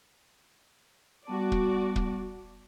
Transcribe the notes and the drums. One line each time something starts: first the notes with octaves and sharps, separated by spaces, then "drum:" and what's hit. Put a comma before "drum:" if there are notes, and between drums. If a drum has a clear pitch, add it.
G3 B3 F#4 D5 A5
drum: kick
drum: kick